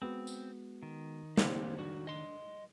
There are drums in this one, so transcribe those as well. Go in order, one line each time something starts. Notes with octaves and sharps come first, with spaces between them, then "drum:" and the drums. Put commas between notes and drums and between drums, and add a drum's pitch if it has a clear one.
G#3 B3 C4 F#4
drum: tambourine
D#3
A#3 C4 G4 C5, drum: snare
D4 F#4
D#5 C6